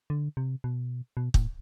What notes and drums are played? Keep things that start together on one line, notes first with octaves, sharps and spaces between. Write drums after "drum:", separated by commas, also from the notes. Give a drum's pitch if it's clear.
D3
C3
B2
B2
A2, drum: kick